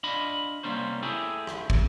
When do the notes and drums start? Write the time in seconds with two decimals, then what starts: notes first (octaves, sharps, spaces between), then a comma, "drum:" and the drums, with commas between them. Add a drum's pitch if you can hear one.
0.03 D4 F4 D#5 B5
0.63 C2 G3 A#3 C#4 C5
1.03 A3 E4 G4 G#4
1.47 drum: rim click
1.70 drum: kick